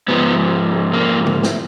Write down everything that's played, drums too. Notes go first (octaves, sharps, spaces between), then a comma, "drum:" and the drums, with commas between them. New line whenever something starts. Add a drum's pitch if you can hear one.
G#2 F3 B3
A#3
drum: tom D3
drum: snare